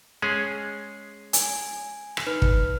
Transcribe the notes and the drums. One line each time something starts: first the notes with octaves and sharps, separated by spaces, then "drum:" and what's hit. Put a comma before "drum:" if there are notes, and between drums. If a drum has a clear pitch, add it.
G#3 C#4 G#4 C7
G#5, drum: hi-hat
drum: rim click
D#4 B4 F6
drum: kick